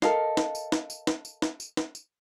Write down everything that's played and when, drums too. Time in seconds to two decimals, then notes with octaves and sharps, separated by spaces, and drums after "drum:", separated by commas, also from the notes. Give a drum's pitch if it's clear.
0.02 A4 A#4 D#5 F5, drum: snare
0.37 drum: snare
0.55 drum: tambourine
0.72 drum: snare
0.90 drum: tambourine
1.07 drum: snare
1.25 drum: tambourine
1.42 drum: snare
1.60 drum: tambourine
1.77 drum: snare
1.95 drum: tambourine